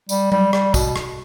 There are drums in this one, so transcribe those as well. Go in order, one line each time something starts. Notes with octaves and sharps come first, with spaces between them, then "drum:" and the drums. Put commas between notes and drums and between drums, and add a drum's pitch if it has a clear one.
G3, drum: tambourine
G3, drum: tom F#3
G3, drum: rim click
B2, drum: kick, tambourine
drum: rim click